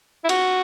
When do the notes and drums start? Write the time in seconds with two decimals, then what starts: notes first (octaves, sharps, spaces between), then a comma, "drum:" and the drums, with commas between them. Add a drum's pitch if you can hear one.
0.24 E4
0.29 F#4, drum: cymbal